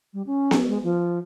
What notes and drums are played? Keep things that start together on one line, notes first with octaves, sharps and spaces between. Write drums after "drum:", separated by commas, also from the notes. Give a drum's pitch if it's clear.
G3
C#4
drum: snare B3
G#3
F3